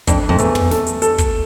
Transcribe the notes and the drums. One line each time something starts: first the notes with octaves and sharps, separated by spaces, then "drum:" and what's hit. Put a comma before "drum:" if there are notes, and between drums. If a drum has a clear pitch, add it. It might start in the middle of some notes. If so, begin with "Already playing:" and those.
F2 D4, drum: kick, hi-hat
F2
E2 A3, drum: hi-hat
drum: tom
A4, drum: snare
drum: hi-hat
A4, drum: hi-hat
drum: kick, hi-hat